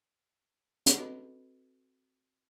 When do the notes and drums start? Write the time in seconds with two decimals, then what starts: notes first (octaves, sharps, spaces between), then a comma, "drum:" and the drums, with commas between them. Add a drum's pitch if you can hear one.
0.86 drum: hi-hat
0.97 C4 F#4 A4 B4 D#5 B5